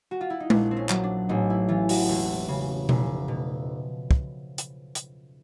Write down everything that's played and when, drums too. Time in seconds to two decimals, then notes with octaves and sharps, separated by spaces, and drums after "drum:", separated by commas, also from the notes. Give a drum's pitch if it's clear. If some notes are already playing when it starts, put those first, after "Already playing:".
0.11 F#4
0.21 F4
0.30 E4
0.40 D#4
0.50 A#1 D4, drum: tom G#3
0.71 C4
0.77 C#4
0.89 F#3, drum: clap
1.03 D4
1.29 A1 D#4
1.50 E4
1.68 E3 F4
1.89 F#4, drum: open hi-hat
2.09 E1
2.48 C#3
2.89 F1, drum: tom B2
3.28 B2
4.11 drum: kick
4.58 drum: hi-hat
4.95 drum: hi-hat